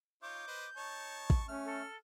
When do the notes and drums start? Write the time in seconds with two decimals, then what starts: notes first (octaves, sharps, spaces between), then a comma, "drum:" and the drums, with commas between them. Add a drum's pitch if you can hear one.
0.23 D#4 F4 C#5 D6 G6
0.47 B4 C5 D#5
0.77 D#4 C#5 A5 C#6
1.30 drum: kick
1.48 A3 C#4 F6
1.65 A4